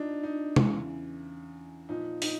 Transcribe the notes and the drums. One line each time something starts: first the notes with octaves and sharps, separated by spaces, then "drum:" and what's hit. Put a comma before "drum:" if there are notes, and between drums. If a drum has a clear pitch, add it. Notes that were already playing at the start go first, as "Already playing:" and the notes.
Already playing: F3 D4 D#4
D#4
E2 C#3 E3, drum: tom
A#2 F3 D#4
D#4, drum: open hi-hat